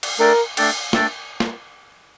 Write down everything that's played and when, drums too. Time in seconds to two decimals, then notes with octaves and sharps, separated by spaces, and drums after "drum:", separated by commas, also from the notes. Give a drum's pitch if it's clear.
0.03 drum: cymbal
0.19 A3 D4 A4 A#4 D5 G5
0.57 A3 D4 A4 D5 G5, drum: cymbal
0.93 A3 D4 A4 D5 G5, drum: snare
1.40 drum: snare